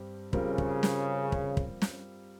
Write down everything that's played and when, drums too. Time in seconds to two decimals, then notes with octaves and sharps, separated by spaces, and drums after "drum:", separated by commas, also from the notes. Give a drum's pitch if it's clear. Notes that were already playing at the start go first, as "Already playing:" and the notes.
Already playing: G2 G3 C4 G4
0.33 C#3 G3 C4 F4 A#4, drum: kick
0.58 drum: kick
0.83 drum: snare
1.32 drum: kick
1.57 drum: kick
1.82 drum: snare